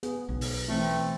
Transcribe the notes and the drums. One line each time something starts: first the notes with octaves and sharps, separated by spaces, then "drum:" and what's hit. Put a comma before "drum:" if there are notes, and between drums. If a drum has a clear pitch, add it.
B3 G#4, drum: hi-hat
B1
drum: open hi-hat
E3 A3 C4 E4